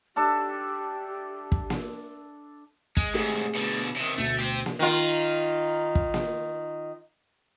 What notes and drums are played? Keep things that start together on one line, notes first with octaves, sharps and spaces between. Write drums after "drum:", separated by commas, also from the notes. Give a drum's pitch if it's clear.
D4 G4 A4 E5
drum: kick
drum: snare A#3
G#3, drum: kick
G#2 C3 A3 G4 G#4
B2 D3
C3 D#3
D2 B2 A3
G4 C5
drum: snare A#3
D#3 F4
drum: kick
drum: snare A#3